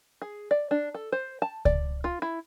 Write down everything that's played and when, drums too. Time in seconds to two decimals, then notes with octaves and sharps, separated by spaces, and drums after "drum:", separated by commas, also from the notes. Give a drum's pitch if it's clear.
0.22 G#4
0.51 D5
0.71 D4
0.95 A4
1.12 C5
1.42 A5
1.65 D5, drum: kick C#2
2.04 F4
2.22 E4